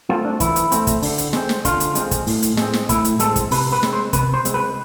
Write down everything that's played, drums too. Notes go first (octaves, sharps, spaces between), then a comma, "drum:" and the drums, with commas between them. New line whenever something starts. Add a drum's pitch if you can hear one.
A3 C4 F4
D4
E3 E4, drum: kick, hi-hat
drum: hi-hat
A3 C4, drum: hi-hat
drum: kick, hi-hat
D3, drum: open hi-hat
drum: hi-hat
G#3 C4, drum: snare
drum: snare
D3 F4, drum: kick, hi-hat
drum: hi-hat
G#3 C4, drum: hi-hat
drum: kick, hi-hat
A2, drum: open hi-hat
drum: hi-hat
G#3 C4, drum: snare
drum: snare
A2 E4, drum: kick, hi-hat
drum: hi-hat
G#3 C4 A4, drum: hi-hat
drum: kick, hi-hat
C3 B4, drum: open hi-hat
B4
G#3 C4, drum: snare
C5
C3 B4, drum: kick, hi-hat
C5
G#3 C4, drum: hi-hat
B4